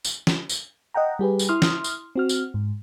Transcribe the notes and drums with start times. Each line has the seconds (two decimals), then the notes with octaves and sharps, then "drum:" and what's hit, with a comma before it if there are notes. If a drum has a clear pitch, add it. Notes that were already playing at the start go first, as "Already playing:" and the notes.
0.05 drum: tambourine
0.27 drum: snare
0.49 drum: tambourine
0.94 D#5 F#5 G5 A#5
1.19 G3 G4 G#4 B4
1.39 drum: tambourine
1.49 E4 C6 D#6 F6
1.62 drum: snare
1.84 drum: tambourine
2.16 C4 F#4 F6
2.29 drum: tambourine
2.54 G#2